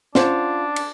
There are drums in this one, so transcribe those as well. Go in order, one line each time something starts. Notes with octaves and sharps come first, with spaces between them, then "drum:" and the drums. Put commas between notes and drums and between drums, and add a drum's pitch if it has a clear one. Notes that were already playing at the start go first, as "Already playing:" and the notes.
C#4 D4 F4 C5 F#5, drum: snare
drum: cymbal